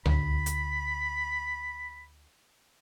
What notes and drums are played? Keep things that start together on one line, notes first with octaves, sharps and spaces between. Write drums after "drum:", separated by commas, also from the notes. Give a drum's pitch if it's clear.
D2 B5, drum: tom C#2
drum: hi-hat